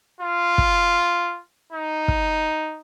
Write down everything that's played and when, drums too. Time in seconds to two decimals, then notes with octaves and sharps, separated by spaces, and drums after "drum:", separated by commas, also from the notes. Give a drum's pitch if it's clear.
0.21 F4
0.58 drum: kick
1.72 D#4
2.08 drum: kick